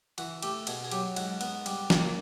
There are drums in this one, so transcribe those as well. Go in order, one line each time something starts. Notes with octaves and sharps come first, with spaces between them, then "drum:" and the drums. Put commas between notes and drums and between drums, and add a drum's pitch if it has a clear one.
E3 F#4, drum: cymbal
A3 G4, drum: cymbal
B2 G#4, drum: cymbal
G#4
F#3 G4, drum: cymbal
G#2 F#4, drum: cymbal
B3, drum: cymbal
G3, drum: cymbal
A#3, drum: snare